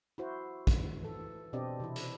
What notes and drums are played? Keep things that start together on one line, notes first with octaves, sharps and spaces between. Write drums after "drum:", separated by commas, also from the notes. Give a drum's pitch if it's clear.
E4 F#4 C5
drum: kick, hi-hat
E3 A4
B2 C4 D4 G4 D5 D#5
C3 E3 E4
drum: hi-hat